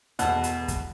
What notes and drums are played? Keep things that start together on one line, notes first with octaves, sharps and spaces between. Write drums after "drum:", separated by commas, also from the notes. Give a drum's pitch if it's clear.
E2 B2 E3 A4 F#5 A5, drum: hi-hat
drum: hi-hat
drum: kick, hi-hat